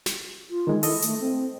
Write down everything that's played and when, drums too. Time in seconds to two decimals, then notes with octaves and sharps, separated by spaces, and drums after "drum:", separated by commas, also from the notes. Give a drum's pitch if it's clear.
0.06 drum: snare
0.50 F4
0.67 D#3 G#3
0.83 E4 A4 D#5, drum: open hi-hat
1.02 A3, drum: hi-hat
1.20 C4